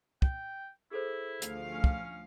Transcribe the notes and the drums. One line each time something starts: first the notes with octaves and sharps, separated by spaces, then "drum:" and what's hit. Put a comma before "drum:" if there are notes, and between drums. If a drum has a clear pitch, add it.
G5, drum: kick
E4 G#4 A4 C5
D2 F3 F5, drum: hi-hat
C#4
drum: kick